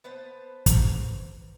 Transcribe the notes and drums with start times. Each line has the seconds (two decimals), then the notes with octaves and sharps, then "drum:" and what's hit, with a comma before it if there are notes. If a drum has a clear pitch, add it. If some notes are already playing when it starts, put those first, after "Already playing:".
0.04 B3 B4 C5 A5
0.66 drum: kick, hi-hat